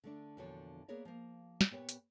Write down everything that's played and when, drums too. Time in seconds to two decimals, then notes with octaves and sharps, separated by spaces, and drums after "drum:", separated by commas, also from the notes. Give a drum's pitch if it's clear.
0.04 D3 A3 D4
0.37 E2 A#2 D3 F3 F#4 C#5
0.88 A#3 B3 G#4 A#4 C#5 D5
1.05 F3 A#3
1.61 drum: snare
1.70 A#2 B3 G4 C#5
1.89 drum: hi-hat